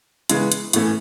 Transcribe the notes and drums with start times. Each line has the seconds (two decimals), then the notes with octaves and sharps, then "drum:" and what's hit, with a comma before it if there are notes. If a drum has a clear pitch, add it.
0.29 C#3 E3 G#3 B3, drum: hi-hat
0.52 drum: hi-hat
0.73 A2 E3 A3 C#4, drum: hi-hat